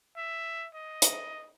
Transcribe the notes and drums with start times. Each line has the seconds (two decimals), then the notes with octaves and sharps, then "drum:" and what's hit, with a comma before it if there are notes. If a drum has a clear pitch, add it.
0.17 E5
0.75 D#5
1.02 drum: hi-hat